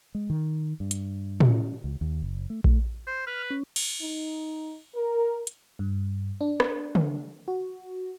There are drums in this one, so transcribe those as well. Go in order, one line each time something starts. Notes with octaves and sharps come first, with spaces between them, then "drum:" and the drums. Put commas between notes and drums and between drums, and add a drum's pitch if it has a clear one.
G#3
D#3
G2
drum: hi-hat
drum: tom
C#4
C#2
D#2
F#1
A3
A3, drum: kick A#1
C5
B4 F6
C#4
drum: cymbal
D#4
A#4
drum: hi-hat
G2
D4
drum: rim click
drum: tom
F#4